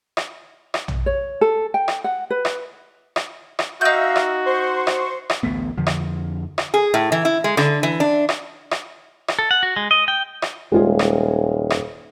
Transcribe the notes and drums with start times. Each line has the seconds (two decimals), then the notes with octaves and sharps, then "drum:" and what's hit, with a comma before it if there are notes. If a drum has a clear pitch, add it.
0.17 drum: rim click
0.74 drum: rim click
0.88 drum: tom
1.06 C#5
1.41 A4
1.74 G5
1.88 drum: rim click
2.04 F#5
2.30 B4
2.45 drum: rim click
3.16 drum: rim click
3.59 drum: rim click
3.81 D#4 F#4 E5 F5 G6
4.16 drum: rim click
4.45 C5 C6 C#6
4.87 drum: rim click
5.30 drum: rim click
5.43 A1 D2 A3 B3
5.77 F2 D3 F3
5.87 drum: rim click
6.58 drum: rim click
6.74 G#4
6.94 A2
7.12 E3
7.25 E4
7.44 G#3
7.57 D3, drum: rim click
7.83 E3
8.00 D4
8.29 drum: rim click
8.71 drum: rim click
9.28 drum: rim click
9.39 A4
9.51 F#5
9.63 F#4
9.76 G#3
9.91 D#5
10.08 G5
10.42 drum: rim click
10.72 D#1 G#3 F4 G#4
10.99 drum: rim click
11.70 drum: rim click